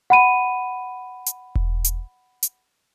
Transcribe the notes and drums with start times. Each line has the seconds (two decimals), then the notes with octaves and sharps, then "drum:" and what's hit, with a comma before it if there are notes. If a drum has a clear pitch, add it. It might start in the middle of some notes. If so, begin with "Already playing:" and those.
0.10 F#5 B5 D#7
1.26 drum: hi-hat
1.55 drum: kick E1
1.84 drum: hi-hat
2.43 drum: hi-hat